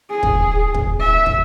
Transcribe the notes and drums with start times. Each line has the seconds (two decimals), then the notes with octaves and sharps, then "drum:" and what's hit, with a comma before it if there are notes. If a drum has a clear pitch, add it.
0.11 G#4
0.23 drum: kick
0.75 drum: kick
1.00 E5
1.26 drum: kick